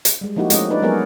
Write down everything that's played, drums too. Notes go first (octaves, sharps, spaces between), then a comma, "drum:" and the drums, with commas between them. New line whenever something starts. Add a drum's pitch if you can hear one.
drum: hi-hat
G3 G#3
F3 A#3 D#4 E4 F#4 G4
G#3 A3 C#4 D#5, drum: hi-hat
D4 D#4 B4 D5
F#3 G#3 B3 G#4 A#4 C#5